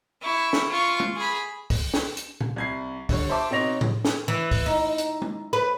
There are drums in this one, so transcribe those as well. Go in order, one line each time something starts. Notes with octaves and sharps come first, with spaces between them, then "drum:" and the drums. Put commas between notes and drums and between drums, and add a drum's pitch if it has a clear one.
E4 C#6
drum: snare
F4 C#6
drum: tom
G#4 B5
drum: kick, open hi-hat
drum: snare
drum: hi-hat
drum: tom A#2
C2 G#6 C7
D3 G3 C#5, drum: kick, open hi-hat
C5 E5 A5 D6
B2 C4 D#4 C#5 A#6 F7
drum: tom A2
drum: snare
E3
drum: kick, open hi-hat
D#4
drum: hi-hat
drum: tom
B4